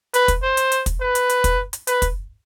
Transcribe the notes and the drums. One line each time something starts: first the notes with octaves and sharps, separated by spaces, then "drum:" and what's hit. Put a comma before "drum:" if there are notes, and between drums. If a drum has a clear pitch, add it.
B4, drum: hi-hat
drum: kick, hi-hat
C5
drum: hi-hat
drum: hi-hat
drum: kick, hi-hat
B4
drum: hi-hat
drum: hi-hat
drum: kick, hi-hat
drum: hi-hat
B4, drum: hi-hat
drum: kick, hi-hat